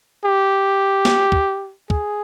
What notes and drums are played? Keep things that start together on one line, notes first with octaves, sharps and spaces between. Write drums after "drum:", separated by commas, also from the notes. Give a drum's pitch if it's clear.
G4
drum: snare
drum: kick
G#4, drum: kick